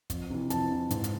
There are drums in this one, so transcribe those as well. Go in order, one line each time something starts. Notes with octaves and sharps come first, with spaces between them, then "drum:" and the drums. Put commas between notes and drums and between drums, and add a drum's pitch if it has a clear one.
F2, drum: kick, hi-hat
C3 E3
F2 A5, drum: hi-hat
C3 E3
G#2, drum: hi-hat
drum: hi-hat